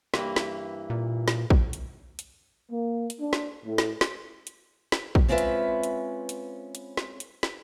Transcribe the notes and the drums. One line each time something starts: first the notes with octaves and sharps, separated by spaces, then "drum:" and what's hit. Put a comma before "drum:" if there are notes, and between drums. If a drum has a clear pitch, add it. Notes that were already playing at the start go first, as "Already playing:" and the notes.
G2 E3 A#3, drum: snare
drum: snare
A#2
drum: snare
drum: kick
drum: hi-hat
drum: hi-hat
A#3
drum: hi-hat
D4
drum: snare
A2
drum: snare
drum: snare
drum: hi-hat
drum: snare
drum: kick
G#3 C4 C#4 F4 B4 E5
drum: hi-hat
drum: hi-hat
drum: hi-hat
drum: hi-hat
drum: snare
drum: hi-hat
drum: snare